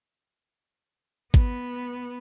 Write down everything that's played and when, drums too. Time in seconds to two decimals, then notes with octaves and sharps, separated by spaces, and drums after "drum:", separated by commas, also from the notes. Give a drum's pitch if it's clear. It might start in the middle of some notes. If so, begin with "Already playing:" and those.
1.34 B3, drum: kick G#1